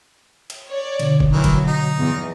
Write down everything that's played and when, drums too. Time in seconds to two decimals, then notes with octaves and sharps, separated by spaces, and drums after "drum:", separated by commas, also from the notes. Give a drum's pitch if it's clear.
0.50 drum: cymbal
0.69 C#5 D5
0.99 B2 D3, drum: cymbal
1.20 drum: kick
1.32 D#3 E3 F#3
1.44 drum: kick, cymbal
1.67 D#4
1.98 E2